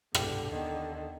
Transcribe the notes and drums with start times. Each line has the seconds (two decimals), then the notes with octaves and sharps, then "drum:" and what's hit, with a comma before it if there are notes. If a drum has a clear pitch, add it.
0.14 C2 G#2 B2 D3 G4, drum: rim click
0.51 D#2 D#3 B3